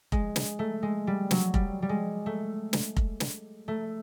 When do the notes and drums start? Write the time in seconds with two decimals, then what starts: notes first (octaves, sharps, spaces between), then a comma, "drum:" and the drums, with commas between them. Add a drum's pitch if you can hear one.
0.12 G#3, drum: kick F1
0.36 drum: snare
0.59 A3
0.83 G#3
1.07 G3
1.31 F#3, drum: snare
1.54 G3, drum: kick F1
1.82 G3
1.89 G#3
2.26 A3
2.73 drum: snare
2.97 drum: kick F1
3.20 drum: snare
3.68 A3